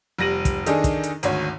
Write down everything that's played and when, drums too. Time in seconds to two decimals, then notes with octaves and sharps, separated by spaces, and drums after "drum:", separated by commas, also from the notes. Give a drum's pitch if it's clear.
0.18 F1 G3 A#6 D#7 F#7
0.45 drum: kick, hi-hat
0.66 D#3 D4 D#4 G#4 A4, drum: hi-hat
0.84 drum: kick, hi-hat
1.03 drum: hi-hat
1.23 G#1 D2 C#5, drum: hi-hat